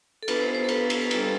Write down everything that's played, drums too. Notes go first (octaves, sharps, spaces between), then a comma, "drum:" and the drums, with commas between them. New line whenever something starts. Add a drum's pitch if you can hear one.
A4
B3 D4 F4 B4, drum: cymbal
C5
C5
A4
B4, drum: cymbal
drum: cymbal
B4
G3 D4 F4 A4, drum: cymbal